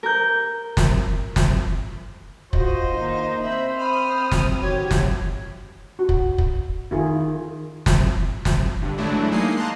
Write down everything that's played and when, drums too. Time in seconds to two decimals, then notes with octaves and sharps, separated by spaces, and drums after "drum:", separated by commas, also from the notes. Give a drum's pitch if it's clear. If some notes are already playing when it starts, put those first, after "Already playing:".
0.03 A#4 G6
0.77 drum: snare
1.36 drum: snare
2.53 F4 F#4 C5 D#5, drum: kick
2.91 D#3 A#3 D#4
3.43 C4 E5 B5
3.79 B5 D#6 F6
4.31 drum: snare
4.61 D#3 F#4 G4 C#5
4.91 drum: snare
5.99 F#4
6.09 drum: kick
6.38 drum: kick
6.91 D#3 E4 F4 G#4
7.86 drum: snare
8.45 drum: snare
8.82 G2 D3
8.98 E3 F#3 G#3 A3 D4 E4
9.31 G#3 A#3 D#4 G#5 C7
9.56 A5 A#5 C6 F#6